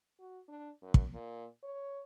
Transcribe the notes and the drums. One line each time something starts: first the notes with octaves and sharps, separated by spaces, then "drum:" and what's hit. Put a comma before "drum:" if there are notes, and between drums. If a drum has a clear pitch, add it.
F#4
D4
F#2
drum: kick
A#2
C#5